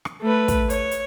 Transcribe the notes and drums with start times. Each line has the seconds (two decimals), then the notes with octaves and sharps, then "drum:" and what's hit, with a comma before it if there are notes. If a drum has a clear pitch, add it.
0.05 drum: rim click
0.22 A3 B4
0.48 drum: kick, hi-hat
0.70 C#5, drum: hi-hat
0.91 drum: hi-hat